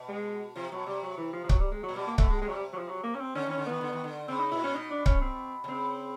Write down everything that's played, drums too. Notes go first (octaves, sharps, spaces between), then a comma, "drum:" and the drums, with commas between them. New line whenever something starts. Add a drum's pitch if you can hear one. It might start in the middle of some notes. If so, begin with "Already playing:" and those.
Already playing: B2
G#3
C3 F3
B2 F#3
C3 G3
F#3
E3
F3
F3
F#3, drum: kick C#1
G3
G#3
F#3
A#2
B2 G3
A#3
B2 A3, drum: kick C#1
G#3
C3 G#3
F#3
G3
F#3
F3
F#3
A#3
C#4
C4
D3 C#4
D#3 C#4
D3
D#3 B3
D3
D#3
D3
C#3 C4
D#4
A#2 E4
C#4
B2 D#4
D4
C#4, drum: kick C#1
C4
C3
C#3 C4